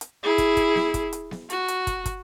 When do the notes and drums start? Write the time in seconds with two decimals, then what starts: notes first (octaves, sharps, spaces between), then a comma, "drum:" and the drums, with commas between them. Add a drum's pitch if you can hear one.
0.01 drum: hi-hat
0.23 E4 G#4
0.38 drum: kick, hi-hat
0.57 drum: kick, hi-hat
0.75 drum: snare B3
0.94 drum: kick, hi-hat
1.13 drum: hi-hat
1.31 drum: snare B3
1.50 F#4, drum: hi-hat
1.68 drum: hi-hat
1.87 drum: kick, hi-hat
2.06 drum: kick, hi-hat